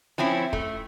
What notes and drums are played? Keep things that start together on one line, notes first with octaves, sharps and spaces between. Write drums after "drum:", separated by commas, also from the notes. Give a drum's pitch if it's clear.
F3 C4 C#4 E4
A3, drum: kick